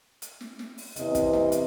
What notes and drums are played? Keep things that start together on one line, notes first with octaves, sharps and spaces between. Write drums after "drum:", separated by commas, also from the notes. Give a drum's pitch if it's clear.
drum: hi-hat
drum: snare
drum: snare
drum: open hi-hat
E2 C3 E3 D#5, drum: hi-hat
drum: kick, hi-hat
drum: snare
drum: hi-hat